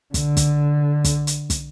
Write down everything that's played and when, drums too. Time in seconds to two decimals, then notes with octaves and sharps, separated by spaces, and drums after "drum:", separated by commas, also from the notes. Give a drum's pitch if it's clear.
0.14 D3, drum: kick, hi-hat
0.37 drum: kick, hi-hat
1.04 drum: kick, hi-hat
1.27 drum: hi-hat
1.50 drum: kick, hi-hat